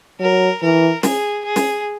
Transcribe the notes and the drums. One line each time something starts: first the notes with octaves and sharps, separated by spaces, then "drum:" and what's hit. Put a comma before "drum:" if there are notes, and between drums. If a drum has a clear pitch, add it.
F#3 A#4
E3 A#4
G#4, drum: snare
G#4
drum: snare